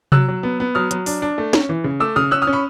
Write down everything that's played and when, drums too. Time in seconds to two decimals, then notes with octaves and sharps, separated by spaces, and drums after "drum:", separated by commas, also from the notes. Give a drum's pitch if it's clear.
0.12 F#3 E6 F#6, drum: tom C3
0.28 F#3
0.43 B3
0.60 B3
0.75 F#3 D#6 F6
0.91 F#3, drum: hi-hat
1.06 D4, drum: open hi-hat
1.22 D4
1.38 A3
1.53 C#4, drum: snare
1.69 E3
1.84 C#3
2.00 A3 D6 E6
2.16 C#3 D#6 F6
2.31 C#4 E6 F#6
2.42 D#6 F6
2.47 C#4
2.53 B5 C#6